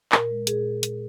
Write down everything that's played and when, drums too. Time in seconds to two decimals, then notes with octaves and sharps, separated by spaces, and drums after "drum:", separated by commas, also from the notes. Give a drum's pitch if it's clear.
0.12 A#2 A#4, drum: clap
0.30 G#3
0.47 A#2 G#4, drum: hi-hat
0.83 drum: hi-hat